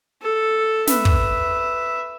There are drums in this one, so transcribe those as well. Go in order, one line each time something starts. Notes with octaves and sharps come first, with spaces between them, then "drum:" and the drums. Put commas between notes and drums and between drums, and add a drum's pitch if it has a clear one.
A4
B4 E5, drum: snare
drum: kick